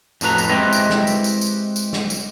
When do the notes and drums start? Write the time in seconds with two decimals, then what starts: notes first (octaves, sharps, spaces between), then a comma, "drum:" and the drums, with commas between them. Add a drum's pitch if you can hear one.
0.21 F2 A2 F#3 B4 A#5, drum: tambourine
0.38 drum: tambourine
0.49 G#3 C4 E4 G4 B4 D#5
0.73 drum: tambourine
0.90 drum: snare
1.07 drum: tambourine
1.24 drum: tambourine
1.41 drum: tambourine
1.76 drum: tambourine
1.93 drum: snare
2.10 drum: tambourine